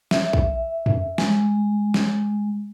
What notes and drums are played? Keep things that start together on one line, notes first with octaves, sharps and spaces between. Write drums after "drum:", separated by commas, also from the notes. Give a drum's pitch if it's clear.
E5, drum: snare
drum: kick
drum: tom F2
G#3, drum: snare
drum: snare